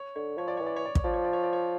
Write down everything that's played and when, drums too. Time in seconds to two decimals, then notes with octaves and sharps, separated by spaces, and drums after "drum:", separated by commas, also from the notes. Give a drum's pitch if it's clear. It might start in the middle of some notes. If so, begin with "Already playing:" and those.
Already playing: C#5
0.16 D3 C#5
0.38 F3 C#5
0.48 D5
0.57 E3 C#5
0.66 D5
0.76 C#5
0.85 D5
0.95 C#5, drum: kick
1.04 F3 D5
1.14 C#5
1.24 D5
1.33 C#5
1.43 D5
1.53 C#5